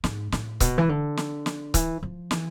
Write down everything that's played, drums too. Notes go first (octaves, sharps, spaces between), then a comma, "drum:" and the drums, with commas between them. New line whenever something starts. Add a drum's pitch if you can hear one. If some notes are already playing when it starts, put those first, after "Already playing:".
G#2, drum: snare
A2, drum: snare
B2, drum: kick C#1, hi-hat
E3
D3
drum: snare
drum: snare
E3, drum: kick C#1, hi-hat
F3
E3, drum: snare